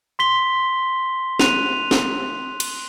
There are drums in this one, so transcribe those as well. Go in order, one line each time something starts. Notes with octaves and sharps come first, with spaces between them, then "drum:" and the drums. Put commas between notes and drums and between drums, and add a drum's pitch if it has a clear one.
C6 B6 G7
F#6 D#7 F7, drum: snare
drum: snare
drum: cymbal